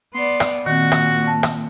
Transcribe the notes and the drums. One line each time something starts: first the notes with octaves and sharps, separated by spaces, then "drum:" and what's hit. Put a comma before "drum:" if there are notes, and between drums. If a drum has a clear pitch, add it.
B3 D5 C6
drum: rim click
A#2 D#3 C4 F#4
drum: rim click
A5
drum: rim click